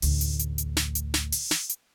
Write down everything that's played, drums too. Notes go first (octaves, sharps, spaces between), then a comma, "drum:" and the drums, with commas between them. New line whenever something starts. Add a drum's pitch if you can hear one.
A1 D2, drum: open hi-hat
drum: hi-hat
drum: hi-hat
drum: hi-hat
drum: snare
drum: hi-hat
drum: snare
drum: open hi-hat
drum: snare
drum: hi-hat